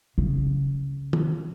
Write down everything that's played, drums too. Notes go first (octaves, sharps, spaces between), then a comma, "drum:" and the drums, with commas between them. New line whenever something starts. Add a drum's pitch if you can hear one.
C#3
drum: tom